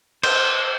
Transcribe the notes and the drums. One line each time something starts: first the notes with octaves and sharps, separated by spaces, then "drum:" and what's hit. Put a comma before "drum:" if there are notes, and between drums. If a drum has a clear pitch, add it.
C5, drum: cymbal